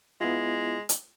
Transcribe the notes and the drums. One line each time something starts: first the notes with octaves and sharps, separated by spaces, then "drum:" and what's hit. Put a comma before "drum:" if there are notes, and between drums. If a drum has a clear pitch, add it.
G#3 B3 E4 F4
drum: hi-hat